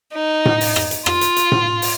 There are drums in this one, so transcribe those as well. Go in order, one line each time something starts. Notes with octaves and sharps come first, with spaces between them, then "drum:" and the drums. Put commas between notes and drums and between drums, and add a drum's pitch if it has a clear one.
D#4
drum: tom A2
drum: open hi-hat
drum: rim click
drum: hi-hat
F4, drum: rim click
drum: hi-hat
drum: hi-hat
drum: tom A2
drum: open hi-hat